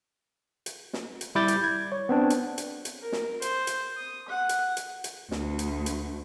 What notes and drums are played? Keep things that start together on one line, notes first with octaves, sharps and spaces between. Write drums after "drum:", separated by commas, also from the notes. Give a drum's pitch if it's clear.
drum: hi-hat
drum: snare
drum: hi-hat
G3 E4 B5 D6 G6 A6
drum: hi-hat
G#6
C#5
B3 C4 D4
drum: hi-hat
drum: hi-hat
drum: hi-hat
A#4
drum: snare
C5, drum: hi-hat
drum: hi-hat
D#6
F#5
drum: hi-hat
drum: hi-hat
drum: hi-hat
D2, drum: snare
drum: hi-hat
drum: hi-hat